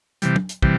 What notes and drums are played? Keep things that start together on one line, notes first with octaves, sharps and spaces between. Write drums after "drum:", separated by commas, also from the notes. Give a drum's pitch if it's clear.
C3 E3 G3, drum: hi-hat
drum: tom
drum: hi-hat
C3 E3 G3, drum: kick